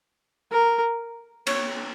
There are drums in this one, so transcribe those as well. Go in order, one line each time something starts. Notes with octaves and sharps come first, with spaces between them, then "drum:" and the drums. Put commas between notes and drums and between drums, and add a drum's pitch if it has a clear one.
A#4
C#5, drum: cymbal